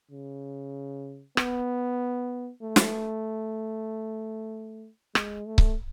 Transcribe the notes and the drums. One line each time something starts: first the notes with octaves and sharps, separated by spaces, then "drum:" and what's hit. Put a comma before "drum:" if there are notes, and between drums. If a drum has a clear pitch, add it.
C#3
B3, drum: rim click
A3
drum: snare
G#3, drum: rim click
A3
drum: kick C#1